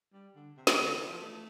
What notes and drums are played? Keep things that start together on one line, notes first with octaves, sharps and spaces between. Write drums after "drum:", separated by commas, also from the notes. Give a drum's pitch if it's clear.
G3
D3
C3
drum: snare
D3
E3
F3
A3